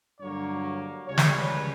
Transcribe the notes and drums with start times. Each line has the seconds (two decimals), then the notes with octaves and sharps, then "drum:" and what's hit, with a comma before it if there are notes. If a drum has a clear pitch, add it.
0.20 G2 D3 F#3 A#3 C#5
1.08 C#2 C#3 G3 C#4 C#5
1.18 drum: snare
1.37 B4